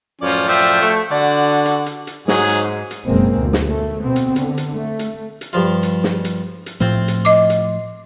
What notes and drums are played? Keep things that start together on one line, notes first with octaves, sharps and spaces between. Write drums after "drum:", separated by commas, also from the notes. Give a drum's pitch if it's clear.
F#2 A2 F3 C#4 D5
F3 E5 G5
drum: hi-hat
A3, drum: hi-hat
D3 F#4 D5
drum: hi-hat
drum: hi-hat
drum: hi-hat
G#2 F#3 G#4, drum: snare
drum: hi-hat
drum: hi-hat
F#1 B2 G#3 A#3 C4
D2
drum: snare
A3
B2 B3 C4
drum: hi-hat
D3, drum: hi-hat
drum: hi-hat
A3
drum: hi-hat
drum: hi-hat
G2 F3 F4
drum: hi-hat
drum: snare
drum: hi-hat
drum: hi-hat
A2 F3 A3 C4 F4 C5
drum: hi-hat
D#5 D6
drum: hi-hat